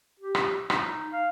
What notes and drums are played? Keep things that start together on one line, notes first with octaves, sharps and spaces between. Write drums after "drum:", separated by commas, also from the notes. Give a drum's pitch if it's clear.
G4
drum: rim click
D#4, drum: rim click
F5